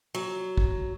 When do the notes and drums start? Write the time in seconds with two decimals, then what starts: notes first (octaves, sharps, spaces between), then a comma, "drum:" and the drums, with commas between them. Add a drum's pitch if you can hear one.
0.15 F#3
0.58 drum: kick